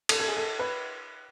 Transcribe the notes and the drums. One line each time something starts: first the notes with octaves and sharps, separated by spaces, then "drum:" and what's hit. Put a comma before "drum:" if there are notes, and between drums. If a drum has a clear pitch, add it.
A4, drum: cymbal
A4
G#4
A4
B4